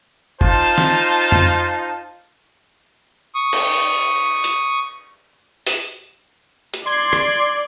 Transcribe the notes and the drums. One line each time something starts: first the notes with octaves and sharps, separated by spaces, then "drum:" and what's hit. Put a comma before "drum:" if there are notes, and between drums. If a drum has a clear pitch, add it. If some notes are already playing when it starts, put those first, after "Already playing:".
D#4 F4 C5 F5 A5, drum: kick F1
drum: snare
drum: tom F2
C#6 D#6
drum: cymbal
drum: hi-hat
drum: open hi-hat
drum: hi-hat
D5 C6 G#6
drum: rim click